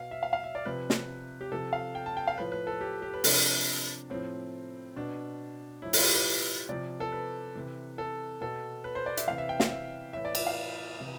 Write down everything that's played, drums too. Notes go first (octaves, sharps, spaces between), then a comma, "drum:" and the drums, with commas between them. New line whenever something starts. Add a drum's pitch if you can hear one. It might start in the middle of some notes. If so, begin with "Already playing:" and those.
Already playing: B2 F5
E5
F5
F5
E5
D5
C3 F3 B4
drum: snare
G4
C3 F3 A4
F5
G5
A5
G5
F5
A2 F3 B4
B4
A4
G4
G4
B4
C3 F3 D4, drum: open hi-hat
A2 F3 C4
B2 D4
A2 F3 E4
E4, drum: open hi-hat
F4
G4
B4
C3 F3 D5
A4
B4
C3 E3
A4
B2 A4
B4
C5
D5
E5, drum: hi-hat
C3 E3 F5
E5
G5
F5, drum: snare
E5
A2 E3 E5
D5
E5, drum: cymbal
F5
C3 E3